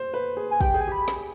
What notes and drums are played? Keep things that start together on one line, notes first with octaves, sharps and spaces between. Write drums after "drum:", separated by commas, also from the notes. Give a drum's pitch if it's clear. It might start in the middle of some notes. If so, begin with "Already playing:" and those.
Already playing: C5
B4
G#4
G#5
G4 G5, drum: kick, open hi-hat
G#4
G#5
G4 B5
drum: snare